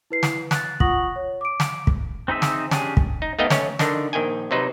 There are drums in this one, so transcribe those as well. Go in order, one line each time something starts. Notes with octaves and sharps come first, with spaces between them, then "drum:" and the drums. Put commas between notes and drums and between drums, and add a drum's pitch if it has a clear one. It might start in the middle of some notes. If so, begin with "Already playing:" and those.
E4 B4 C7
drum: snare
F#6 A6, drum: snare
F4 F#5 C#6 D#6 A#6 F#7, drum: kick
C#5
D6 D7
drum: snare
drum: kick
C4 D#4 G#4 E5
drum: snare
C#4 D4 G4 G#4, drum: snare
drum: kick
D#4
A3 B3 D#4 D#5 F5 G5
A3 C#4 C#5, drum: snare
D3 D#3 D4 D#4, drum: snare
A#1 D#3 G5 G#5
C3 F#3 D#4 B4 C5